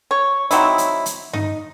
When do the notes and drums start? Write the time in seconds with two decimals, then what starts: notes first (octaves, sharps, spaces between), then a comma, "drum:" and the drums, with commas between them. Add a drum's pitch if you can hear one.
0.11 C#5
0.51 F#3 C4 D#4 E4, drum: hi-hat
0.78 drum: hi-hat
1.06 drum: hi-hat
1.33 D#4, drum: tom G2